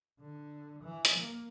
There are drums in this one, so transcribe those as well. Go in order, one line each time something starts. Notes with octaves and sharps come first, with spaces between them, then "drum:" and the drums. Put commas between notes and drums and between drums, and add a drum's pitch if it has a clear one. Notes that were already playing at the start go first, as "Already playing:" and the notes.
D3
E3
drum: hi-hat
A#3